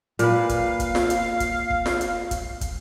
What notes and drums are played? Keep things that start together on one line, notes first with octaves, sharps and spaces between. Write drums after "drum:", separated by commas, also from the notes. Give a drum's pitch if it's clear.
A#2 B4 F5, drum: hi-hat
drum: kick, hi-hat
drum: kick, hi-hat
drum: snare F4
drum: hi-hat
drum: kick, hi-hat
drum: kick
drum: snare F4
drum: hi-hat
drum: kick, hi-hat
drum: kick, hi-hat